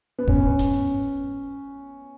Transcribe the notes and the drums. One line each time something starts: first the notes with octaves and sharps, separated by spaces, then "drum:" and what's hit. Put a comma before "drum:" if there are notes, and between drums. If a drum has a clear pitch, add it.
B3
G#2 C#4, drum: kick F1
drum: hi-hat